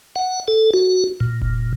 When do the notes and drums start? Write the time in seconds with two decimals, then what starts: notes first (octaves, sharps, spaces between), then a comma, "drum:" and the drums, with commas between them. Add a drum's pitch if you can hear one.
0.16 F#5
0.48 A4
0.74 F#4
1.20 A#2
1.42 drum: kick F1